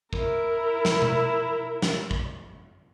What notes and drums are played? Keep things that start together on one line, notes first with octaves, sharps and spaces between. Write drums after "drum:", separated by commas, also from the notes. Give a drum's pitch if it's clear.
E4 A#4, drum: kick
drum: snare
drum: tom B2
drum: snare
drum: kick